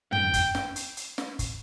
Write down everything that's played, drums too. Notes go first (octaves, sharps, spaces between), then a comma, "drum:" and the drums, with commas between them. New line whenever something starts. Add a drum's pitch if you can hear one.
G5, drum: tom
drum: kick, hi-hat
drum: snare
drum: hi-hat
drum: hi-hat
drum: snare
drum: kick, hi-hat